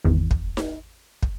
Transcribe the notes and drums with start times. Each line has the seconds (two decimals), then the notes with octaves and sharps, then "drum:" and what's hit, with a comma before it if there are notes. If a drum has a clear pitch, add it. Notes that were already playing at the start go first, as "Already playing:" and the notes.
0.04 G#1 E2
0.31 drum: kick
0.57 drum: snare D#4
1.23 drum: kick